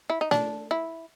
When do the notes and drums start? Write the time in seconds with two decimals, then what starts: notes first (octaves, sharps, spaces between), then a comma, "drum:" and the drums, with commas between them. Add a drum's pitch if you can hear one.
0.10 E4
0.21 D#4
0.31 D4, drum: snare
0.71 E4